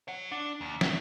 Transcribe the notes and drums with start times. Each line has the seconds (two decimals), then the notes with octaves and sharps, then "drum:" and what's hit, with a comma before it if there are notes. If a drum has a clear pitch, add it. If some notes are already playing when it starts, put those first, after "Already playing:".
0.08 C#5 F#5
0.32 D4
0.61 D#2
0.81 E5, drum: snare